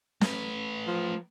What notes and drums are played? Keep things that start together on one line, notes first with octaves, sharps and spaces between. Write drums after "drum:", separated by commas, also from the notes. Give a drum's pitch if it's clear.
A3 B4, drum: snare
F3